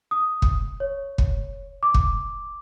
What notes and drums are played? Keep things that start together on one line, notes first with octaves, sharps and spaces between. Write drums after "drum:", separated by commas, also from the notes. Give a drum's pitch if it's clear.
D#6
drum: kick
C#5
drum: kick
D6
drum: kick